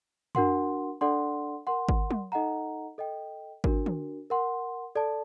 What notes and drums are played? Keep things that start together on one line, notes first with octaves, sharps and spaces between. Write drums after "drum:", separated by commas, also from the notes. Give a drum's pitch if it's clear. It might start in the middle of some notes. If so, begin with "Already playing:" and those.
D4 F#4 A#4 F#5 C6, drum: tom
D4 A4 D5 F#5 C6
A#4 F#5 C6
drum: kick G#1
drum: tom
D#4 A4 D#5 F#5 A#5
A4 D#5 G5
D4 F#4 A#4, drum: kick G#1
drum: tom
A#4 F#5 C6
A4 D5 A5